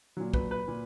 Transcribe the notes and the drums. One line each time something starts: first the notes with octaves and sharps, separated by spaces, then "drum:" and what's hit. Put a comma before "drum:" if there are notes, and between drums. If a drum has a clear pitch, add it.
A#2 F#3
B4, drum: kick
B4
A#2